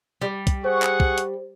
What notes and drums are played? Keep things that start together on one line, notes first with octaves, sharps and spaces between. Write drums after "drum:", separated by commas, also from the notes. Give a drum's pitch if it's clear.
G3
drum: kick, hi-hat
G#4 C5 F#5 C#6
drum: clap
drum: kick
drum: hi-hat